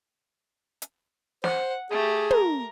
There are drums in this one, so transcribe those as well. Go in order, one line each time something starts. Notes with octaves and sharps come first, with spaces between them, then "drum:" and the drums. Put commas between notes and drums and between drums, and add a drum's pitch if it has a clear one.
drum: hi-hat
C5 F#5, drum: snare
A3 G4 G#4
A#4, drum: tom